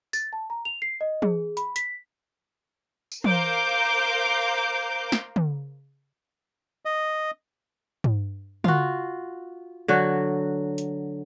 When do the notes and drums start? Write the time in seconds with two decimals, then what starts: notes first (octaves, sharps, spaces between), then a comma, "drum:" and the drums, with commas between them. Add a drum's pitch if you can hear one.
0.13 A6, drum: tambourine
0.33 A5
0.50 A#5
0.65 F7
0.82 C7
1.01 D#5
1.22 G#4, drum: tom
1.57 B5, drum: hi-hat
1.76 B6, drum: hi-hat
3.12 drum: tambourine
3.24 A#4 C5 F5 A#5 D6 G6, drum: tom
5.12 drum: snare
5.36 drum: tom
6.85 D#5
8.04 drum: tom
8.64 F4 F#4, drum: tom
9.88 D3 F#3 F#4
10.78 drum: hi-hat